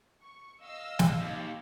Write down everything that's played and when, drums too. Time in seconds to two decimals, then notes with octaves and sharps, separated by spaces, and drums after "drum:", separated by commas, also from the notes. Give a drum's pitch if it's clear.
0.22 C#6
0.61 D#5 F5 E6
0.99 drum: snare
1.21 D#2